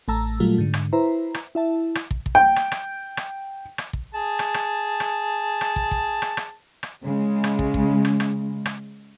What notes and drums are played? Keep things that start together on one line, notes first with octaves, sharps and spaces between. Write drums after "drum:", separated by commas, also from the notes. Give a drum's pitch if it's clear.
A1 A3 A5 A#5 E6
A#2 F#3 G3 A3 F4
G#2 D3
drum: rim click
E4 B4 C5 E5 A#5
drum: rim click
E4 E5 A5
drum: rim click
drum: kick
drum: kick
G5
drum: rim click
drum: rim click
drum: rim click
drum: rim click
drum: kick
G#4 A5
drum: rim click
drum: rim click
drum: rim click
drum: rim click
drum: kick
drum: kick
drum: rim click
drum: rim click
drum: rim click
C#3 G#3
drum: rim click
drum: kick
drum: kick
drum: rim click
drum: rim click
drum: rim click